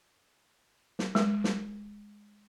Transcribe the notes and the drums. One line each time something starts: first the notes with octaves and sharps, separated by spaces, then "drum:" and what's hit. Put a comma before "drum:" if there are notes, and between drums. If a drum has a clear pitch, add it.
drum: snare
G#3, drum: snare
drum: snare